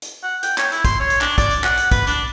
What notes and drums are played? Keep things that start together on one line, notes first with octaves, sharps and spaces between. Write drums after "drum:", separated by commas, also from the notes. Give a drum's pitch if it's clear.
drum: hi-hat
F#5
G5, drum: hi-hat
C#5, drum: clap
E4, drum: hi-hat
C6, drum: kick, hi-hat
C#5
drum: hi-hat
D4, drum: clap
D5, drum: kick, hi-hat
drum: hi-hat
F#5, drum: clap
drum: hi-hat
B4, drum: kick, hi-hat
D4, drum: hi-hat